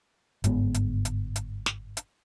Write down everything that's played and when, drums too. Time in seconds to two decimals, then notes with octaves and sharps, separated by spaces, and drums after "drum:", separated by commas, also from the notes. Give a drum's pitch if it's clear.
0.44 G1 G#2 G#3 B3, drum: hi-hat
0.74 drum: hi-hat
1.05 drum: hi-hat
1.36 drum: hi-hat
1.66 drum: snare
1.97 drum: hi-hat